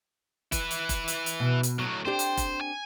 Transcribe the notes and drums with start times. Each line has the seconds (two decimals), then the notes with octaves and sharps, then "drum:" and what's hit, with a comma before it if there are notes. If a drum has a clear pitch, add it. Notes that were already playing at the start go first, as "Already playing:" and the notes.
0.52 E4 B4, drum: kick F1, hi-hat
0.71 drum: hi-hat
0.89 drum: kick F1, hi-hat
1.08 drum: hi-hat
1.26 drum: hi-hat
1.40 B2
1.63 drum: hi-hat
1.79 A2 F#3
2.05 C4 D4 G4 C5
2.19 drum: hi-hat
2.37 drum: kick F1, hi-hat
2.61 G#5